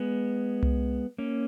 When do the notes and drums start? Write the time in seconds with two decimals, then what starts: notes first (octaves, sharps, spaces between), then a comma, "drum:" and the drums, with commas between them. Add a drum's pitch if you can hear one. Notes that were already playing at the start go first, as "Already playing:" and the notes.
Already playing: G#3 B3
0.63 drum: tom C2
1.18 A#3 C#4